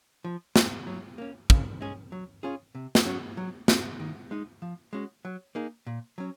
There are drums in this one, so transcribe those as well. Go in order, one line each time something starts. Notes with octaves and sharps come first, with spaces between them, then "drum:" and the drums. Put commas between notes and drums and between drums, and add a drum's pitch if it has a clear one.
F3
G#3 C4, drum: snare
F#3
A#3 C#4
C#3, drum: kick
G#3 C#4 G#4
F#3
C#4 F4 G#4
C3
drum: snare
F#3 C#4 F#4
F#3
C4 F#4, drum: snare
D#3
G#3 D#4
F3
G#3 C#4 F#4
F#3
A#3 D#4 G#4
A#2
F#3 C#4